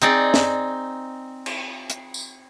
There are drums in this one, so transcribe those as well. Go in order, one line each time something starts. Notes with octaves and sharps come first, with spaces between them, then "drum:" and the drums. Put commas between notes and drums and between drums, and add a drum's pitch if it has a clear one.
C4 D#4 G#4 D5, drum: hi-hat
drum: snare
drum: cymbal
drum: hi-hat
drum: tambourine